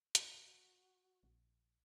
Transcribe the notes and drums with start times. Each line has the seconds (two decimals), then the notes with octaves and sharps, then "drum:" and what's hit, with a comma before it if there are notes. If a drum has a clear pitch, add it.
0.15 F#4, drum: hi-hat
1.23 A#1